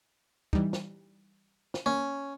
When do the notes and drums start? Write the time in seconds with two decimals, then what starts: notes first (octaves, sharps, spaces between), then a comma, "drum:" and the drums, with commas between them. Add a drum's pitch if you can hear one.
0.53 E3 G3 D#4, drum: kick
0.73 drum: snare
1.74 drum: snare
1.86 A#3 C#4